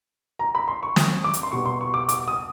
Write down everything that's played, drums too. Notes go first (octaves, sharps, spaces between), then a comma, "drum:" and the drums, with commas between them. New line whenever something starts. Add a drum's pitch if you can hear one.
A#5
B5
C6
C#6
D#6, drum: snare
D6
drum: hi-hat
C6
B2 G3 B3 C#6
C6
C#6
D6
D6, drum: hi-hat
D#6